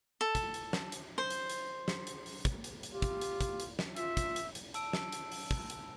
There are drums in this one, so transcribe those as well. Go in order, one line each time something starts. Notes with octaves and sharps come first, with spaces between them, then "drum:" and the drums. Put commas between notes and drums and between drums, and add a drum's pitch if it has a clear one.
A4
drum: kick, hi-hat
drum: hi-hat
drum: snare
drum: hi-hat
C5
drum: hi-hat
drum: hi-hat
drum: snare
drum: hi-hat
drum: open hi-hat
drum: kick, hi-hat
drum: hi-hat
drum: hi-hat
F4 G4
drum: kick, hi-hat
drum: hi-hat
drum: kick, hi-hat
drum: hi-hat
drum: snare
F4 E5, drum: hi-hat
drum: kick, hi-hat
drum: hi-hat
drum: hi-hat
A5 E6 D7, drum: hi-hat
drum: snare
drum: hi-hat
drum: open hi-hat
drum: kick
drum: hi-hat